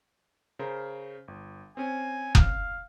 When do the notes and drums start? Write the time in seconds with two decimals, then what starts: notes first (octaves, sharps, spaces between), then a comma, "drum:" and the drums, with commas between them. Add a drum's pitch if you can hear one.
0.59 C#3 A#4 C5
1.28 G1
1.77 C4 C#4 G#5
2.35 F5, drum: kick F#1